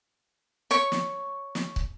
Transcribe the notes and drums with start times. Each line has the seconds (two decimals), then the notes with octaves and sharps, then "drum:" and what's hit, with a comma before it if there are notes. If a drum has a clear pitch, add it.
0.71 C#5 C#6
0.92 drum: snare
1.55 drum: snare
1.76 drum: kick